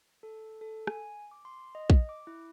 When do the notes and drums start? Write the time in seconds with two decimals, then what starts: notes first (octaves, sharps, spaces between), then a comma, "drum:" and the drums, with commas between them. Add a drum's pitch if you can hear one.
0.23 A4
0.61 A4
0.87 G#5, drum: rim click
1.31 D6
1.45 C6
1.75 D#5
1.90 drum: kick A#1
2.09 D6
2.27 E4